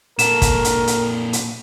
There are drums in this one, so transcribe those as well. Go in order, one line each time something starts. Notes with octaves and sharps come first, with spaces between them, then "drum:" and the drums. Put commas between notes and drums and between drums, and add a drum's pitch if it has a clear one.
A#2 A4 A#4 E7, drum: hi-hat
drum: kick, hi-hat
drum: hi-hat
drum: hi-hat
drum: hi-hat